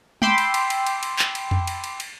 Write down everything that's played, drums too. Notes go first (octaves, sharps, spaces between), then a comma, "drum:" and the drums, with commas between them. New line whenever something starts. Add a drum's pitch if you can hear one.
G5 B5 C6 D6 E6, drum: tom
drum: cymbal
drum: cymbal
drum: cymbal
drum: cymbal
drum: cymbal
drum: clap
drum: cymbal
drum: tom F2
drum: cymbal
drum: cymbal
drum: cymbal